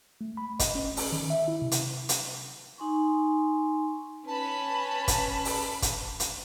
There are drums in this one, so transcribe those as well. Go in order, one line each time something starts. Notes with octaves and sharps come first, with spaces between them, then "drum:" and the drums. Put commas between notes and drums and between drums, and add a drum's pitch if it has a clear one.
A3
B5
D#5, drum: kick, hi-hat
C#4
drum: open hi-hat
D#3
E5
E4
C3
drum: hi-hat
drum: hi-hat
D#4 G#5 C6 C#6
C#4 B4 A5 B5
drum: kick, hi-hat
drum: open hi-hat
drum: kick, hi-hat
drum: hi-hat